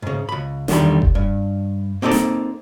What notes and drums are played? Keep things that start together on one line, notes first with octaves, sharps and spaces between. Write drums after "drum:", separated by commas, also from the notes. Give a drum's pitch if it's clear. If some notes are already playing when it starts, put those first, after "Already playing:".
G#2 C#3
C#2 B5
E2 D3 D#3 G3 B5, drum: snare
drum: kick F1
G2
A#3 C4 D#4 A4 D5
drum: snare